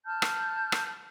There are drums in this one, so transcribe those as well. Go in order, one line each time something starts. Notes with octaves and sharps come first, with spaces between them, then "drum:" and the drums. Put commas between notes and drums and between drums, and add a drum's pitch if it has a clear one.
A5 F6 G6
drum: rim click
drum: rim click